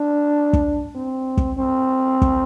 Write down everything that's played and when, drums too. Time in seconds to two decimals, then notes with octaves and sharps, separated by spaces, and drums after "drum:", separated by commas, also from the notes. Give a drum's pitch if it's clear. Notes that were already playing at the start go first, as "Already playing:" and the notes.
Already playing: D4
0.53 drum: kick
0.95 C4
1.37 drum: kick
1.58 C4
2.22 drum: kick